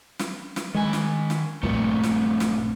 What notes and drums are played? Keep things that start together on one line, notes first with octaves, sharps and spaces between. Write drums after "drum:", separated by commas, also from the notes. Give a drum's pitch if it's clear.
drum: snare
drum: snare
D#3 G#3 G#5
drum: snare
drum: snare
A#1 G2 A#2 A3 B3 C4
drum: snare
drum: snare